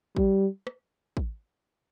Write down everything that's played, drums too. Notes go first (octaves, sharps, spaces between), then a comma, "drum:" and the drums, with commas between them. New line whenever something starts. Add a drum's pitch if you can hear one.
G3, drum: kick
drum: rim click
drum: kick